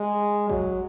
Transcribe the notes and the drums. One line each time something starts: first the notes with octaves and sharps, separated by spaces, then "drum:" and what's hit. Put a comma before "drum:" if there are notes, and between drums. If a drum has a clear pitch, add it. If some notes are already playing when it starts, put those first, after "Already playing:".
Already playing: G#3
F#3, drum: kick